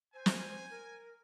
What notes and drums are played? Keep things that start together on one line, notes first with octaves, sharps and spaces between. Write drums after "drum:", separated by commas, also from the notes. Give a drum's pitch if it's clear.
C5 G#5
drum: snare
A#4